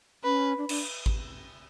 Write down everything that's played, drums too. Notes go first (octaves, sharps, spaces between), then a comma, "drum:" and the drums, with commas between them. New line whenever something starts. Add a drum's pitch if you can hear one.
C#4 B4
D4
D4, drum: cymbal
drum: kick G#1